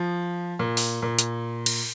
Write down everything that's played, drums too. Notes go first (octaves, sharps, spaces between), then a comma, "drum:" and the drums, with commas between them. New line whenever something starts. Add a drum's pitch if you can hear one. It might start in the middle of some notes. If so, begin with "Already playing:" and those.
Already playing: F3
A#2
drum: open hi-hat
A#2
drum: hi-hat
drum: cymbal